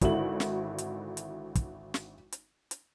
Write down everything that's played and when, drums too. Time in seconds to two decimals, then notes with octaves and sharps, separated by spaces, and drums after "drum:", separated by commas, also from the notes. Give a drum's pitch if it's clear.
0.01 G#1 D3 E4 F#4 F#7, drum: kick, hi-hat
0.40 drum: snare
0.78 drum: hi-hat
1.17 drum: hi-hat
1.55 drum: kick, hi-hat
1.94 drum: snare
2.32 drum: hi-hat
2.71 drum: hi-hat